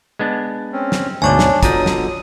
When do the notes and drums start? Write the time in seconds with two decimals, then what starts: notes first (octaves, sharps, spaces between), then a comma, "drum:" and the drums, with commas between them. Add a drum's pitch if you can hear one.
0.19 G#3 B3 D4
0.72 C4 C#4
0.92 drum: snare
1.22 D2 G#2 B2 D4 C#5 G#5 C#6 D6
1.39 drum: snare
1.63 B2 D3 D4 F4 A#5 D#6, drum: kick, hi-hat
1.86 drum: snare